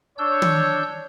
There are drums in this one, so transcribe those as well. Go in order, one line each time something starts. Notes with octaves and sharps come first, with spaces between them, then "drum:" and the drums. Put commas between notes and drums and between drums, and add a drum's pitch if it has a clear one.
D4 C#5 E6 G6
drum: tom